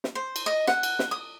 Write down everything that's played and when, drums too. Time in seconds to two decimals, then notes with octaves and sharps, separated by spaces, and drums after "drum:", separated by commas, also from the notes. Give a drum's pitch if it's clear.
0.04 drum: snare
0.15 C5
0.36 drum: cymbal
0.46 D#5
0.67 F#5, drum: snare
0.83 drum: cymbal
0.99 drum: snare
1.11 D#6